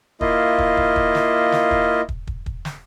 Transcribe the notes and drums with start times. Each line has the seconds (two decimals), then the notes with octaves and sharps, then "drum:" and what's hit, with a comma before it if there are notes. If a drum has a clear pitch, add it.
0.21 A#3 E4 F4 D#5, drum: kick
0.58 drum: kick
0.77 drum: kick
0.96 drum: kick
1.15 drum: snare
1.52 drum: snare
1.71 drum: kick
2.09 drum: kick
2.27 drum: kick
2.46 drum: kick
2.65 drum: snare